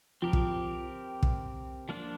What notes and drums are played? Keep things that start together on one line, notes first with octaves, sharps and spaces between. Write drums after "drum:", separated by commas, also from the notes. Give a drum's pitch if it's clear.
F3 C4 G4 A#4
drum: kick
drum: kick
F3 A#3 D4 F4